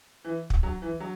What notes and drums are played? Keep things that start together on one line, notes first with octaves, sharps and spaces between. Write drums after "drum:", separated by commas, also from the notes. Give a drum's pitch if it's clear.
E3
drum: kick
F#3
E3
F#3